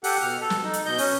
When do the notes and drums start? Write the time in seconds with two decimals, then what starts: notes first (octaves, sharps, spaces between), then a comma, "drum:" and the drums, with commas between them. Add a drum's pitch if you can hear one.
0.04 G4 A4 F#5, drum: open hi-hat
0.22 B2 F6
0.41 A4
0.50 drum: snare
0.64 D#4
0.73 drum: hi-hat
0.86 B2 D#5 G6
0.98 C#4, drum: open hi-hat